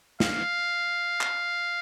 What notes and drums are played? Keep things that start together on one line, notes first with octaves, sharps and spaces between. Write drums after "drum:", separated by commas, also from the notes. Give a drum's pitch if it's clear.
F5, drum: snare
drum: clap